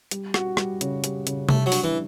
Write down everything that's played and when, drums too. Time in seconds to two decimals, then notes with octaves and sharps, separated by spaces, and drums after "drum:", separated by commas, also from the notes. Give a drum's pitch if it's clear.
0.11 G3, drum: hi-hat
0.34 F#4, drum: rim click
0.57 G3, drum: rim click
0.81 C#3, drum: hi-hat
1.04 G3, drum: hi-hat
1.27 C#3, drum: hi-hat
1.49 G3 A3, drum: tom C3
1.66 F#3
1.72 D4, drum: open hi-hat
1.84 E3